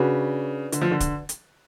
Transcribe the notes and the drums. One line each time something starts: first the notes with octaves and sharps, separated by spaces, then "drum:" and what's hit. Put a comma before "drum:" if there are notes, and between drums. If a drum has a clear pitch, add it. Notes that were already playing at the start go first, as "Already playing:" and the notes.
Already playing: C#3 D4 F#4 B4
D3, drum: hi-hat
F3
D3
drum: kick D1, hi-hat
drum: hi-hat